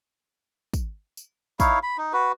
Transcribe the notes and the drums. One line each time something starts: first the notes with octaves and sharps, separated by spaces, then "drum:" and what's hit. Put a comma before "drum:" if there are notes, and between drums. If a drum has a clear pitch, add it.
drum: kick, tambourine
drum: tambourine
D#4 E4 C#5 F5, drum: kick, tambourine
B5
D#4
F#4 B4